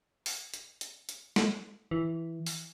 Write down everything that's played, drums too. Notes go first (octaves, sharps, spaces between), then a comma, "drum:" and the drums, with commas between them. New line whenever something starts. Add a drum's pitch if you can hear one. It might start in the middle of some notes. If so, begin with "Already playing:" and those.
drum: open hi-hat
drum: hi-hat
drum: hi-hat
drum: hi-hat
drum: snare
E3
drum: open hi-hat